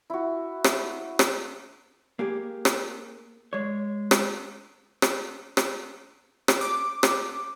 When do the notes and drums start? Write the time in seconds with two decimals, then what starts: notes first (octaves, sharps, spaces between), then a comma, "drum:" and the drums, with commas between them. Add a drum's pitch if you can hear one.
0.10 E4 F#4
0.64 drum: rim click
1.19 drum: rim click
2.19 A#3 G4 G#4
2.65 drum: rim click
3.53 G#3 C#5
4.11 drum: rim click
5.02 drum: rim click
5.57 drum: rim click
6.48 drum: rim click
6.61 D6
7.03 drum: rim click